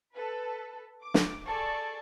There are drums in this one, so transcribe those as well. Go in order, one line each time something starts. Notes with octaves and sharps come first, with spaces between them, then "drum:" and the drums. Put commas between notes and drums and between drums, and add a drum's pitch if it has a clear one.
A4 B4
D6
drum: snare
G#4 A4 D5 A5 C#6